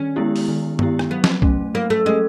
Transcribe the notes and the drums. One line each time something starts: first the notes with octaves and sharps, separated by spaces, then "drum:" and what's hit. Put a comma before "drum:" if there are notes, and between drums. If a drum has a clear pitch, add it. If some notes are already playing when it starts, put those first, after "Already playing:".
Already playing: D#3 C#4
G#3 B3 E4 G4
drum: open hi-hat
D#3
G#3 B3 E4 G4, drum: tom G2
drum: rim click
F#3 B3
drum: snare
A3 C#4, drum: kick B1
F#3 A#3
A3
G#3 A3 C#4